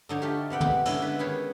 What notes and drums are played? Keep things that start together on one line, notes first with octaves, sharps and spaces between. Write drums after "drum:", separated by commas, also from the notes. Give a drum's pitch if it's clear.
D3 D#4 C#5
A3 F4 G4
C3 B3 F#5 G5
drum: tom
D3 G#3 C#4 E4, drum: cymbal
B4
D#3 G#4 B4 C#5